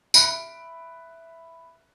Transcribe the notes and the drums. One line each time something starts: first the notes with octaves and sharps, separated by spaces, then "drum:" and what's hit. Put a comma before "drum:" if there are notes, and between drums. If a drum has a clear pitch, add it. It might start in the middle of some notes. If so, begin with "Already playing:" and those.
E5 B5 F#6 B6 D7, drum: tambourine